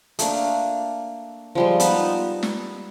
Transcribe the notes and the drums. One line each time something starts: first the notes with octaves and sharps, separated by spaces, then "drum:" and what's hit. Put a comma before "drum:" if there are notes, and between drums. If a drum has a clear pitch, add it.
A3 A#3 D4, drum: hi-hat
F3 G3 G#3
B3 D#4 B4 A5, drum: hi-hat
drum: snare